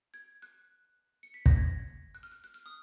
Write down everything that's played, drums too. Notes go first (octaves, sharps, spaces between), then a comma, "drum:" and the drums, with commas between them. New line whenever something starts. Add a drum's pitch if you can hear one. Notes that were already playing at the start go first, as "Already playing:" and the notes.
G#6
F#6
C#7
B6
A#6, drum: kick
G#6
F#6
F6
F#6
F#6
F6
D#6